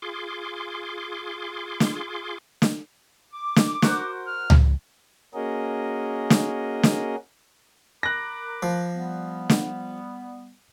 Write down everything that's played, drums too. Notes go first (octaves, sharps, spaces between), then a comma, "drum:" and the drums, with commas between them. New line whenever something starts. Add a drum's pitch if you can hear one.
F4 G#4 C6 D6
drum: snare
drum: snare
D6
drum: snare
F#4 A#4 C5, drum: snare
F6
drum: tom C#2
A#3 C#4 F#4 G#4 A#4 D#5
drum: snare
drum: snare
A#4 B5 D6 F#6 A#6
F3
G3 B3
drum: snare